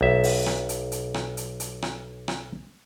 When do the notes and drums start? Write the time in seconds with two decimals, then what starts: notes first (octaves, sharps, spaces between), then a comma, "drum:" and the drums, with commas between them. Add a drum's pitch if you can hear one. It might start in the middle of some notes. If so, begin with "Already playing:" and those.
0.01 B1 E5
0.24 drum: open hi-hat
0.46 drum: rim click
0.69 drum: hi-hat
0.92 drum: hi-hat
1.14 drum: rim click
1.37 drum: hi-hat
1.60 drum: hi-hat
1.82 drum: rim click
2.28 drum: rim click